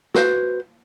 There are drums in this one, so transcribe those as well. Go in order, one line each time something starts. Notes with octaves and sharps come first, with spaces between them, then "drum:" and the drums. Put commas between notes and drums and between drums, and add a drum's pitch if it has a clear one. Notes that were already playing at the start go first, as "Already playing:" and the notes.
F#4 B4 C5, drum: snare